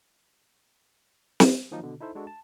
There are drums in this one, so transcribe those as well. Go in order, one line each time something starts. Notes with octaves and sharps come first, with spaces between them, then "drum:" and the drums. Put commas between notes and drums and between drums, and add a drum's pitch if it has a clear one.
drum: snare
D#3 F3 F#3 A#3 D#4
B2 D3
D#4 E4 A4 C5
G#3 D4 F#4 A4
A5